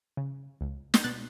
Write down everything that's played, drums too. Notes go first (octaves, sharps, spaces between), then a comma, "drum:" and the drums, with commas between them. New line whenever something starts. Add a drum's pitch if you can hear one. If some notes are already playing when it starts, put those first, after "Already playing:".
C#3
C#2
G6, drum: snare
B2 F#6 A6